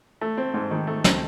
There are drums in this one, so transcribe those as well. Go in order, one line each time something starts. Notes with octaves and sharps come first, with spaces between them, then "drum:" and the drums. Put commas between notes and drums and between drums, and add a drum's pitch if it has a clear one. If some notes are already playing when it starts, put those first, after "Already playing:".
A3
C4
G#2
D#3
A3
C4, drum: snare